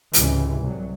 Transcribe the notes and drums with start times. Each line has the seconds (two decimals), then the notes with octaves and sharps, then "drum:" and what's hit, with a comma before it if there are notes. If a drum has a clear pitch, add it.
0.13 C#2 G#2 C3 E3 G3, drum: hi-hat
0.62 C2 F#3